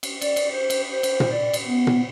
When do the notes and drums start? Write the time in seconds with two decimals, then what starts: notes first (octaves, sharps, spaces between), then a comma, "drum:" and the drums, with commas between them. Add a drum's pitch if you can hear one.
0.03 drum: cymbal
0.21 D5, drum: cymbal
0.36 drum: cymbal
0.53 C5
0.70 drum: cymbal
0.92 C5
1.03 drum: cymbal
1.20 drum: tom A#2
1.31 D5
1.53 drum: cymbal
1.67 B3
1.87 drum: tom A#2